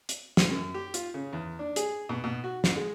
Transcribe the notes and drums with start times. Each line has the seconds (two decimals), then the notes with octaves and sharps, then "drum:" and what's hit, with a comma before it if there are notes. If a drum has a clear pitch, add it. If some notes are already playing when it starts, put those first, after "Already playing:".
0.09 drum: hi-hat
0.37 drum: snare
0.51 F#2
0.74 G4
0.94 F4, drum: hi-hat
1.14 C#3
1.33 E2
1.59 D4
1.76 G#4, drum: hi-hat
2.09 B2
2.24 B2
2.44 F#4
2.64 A1, drum: snare
2.76 G#3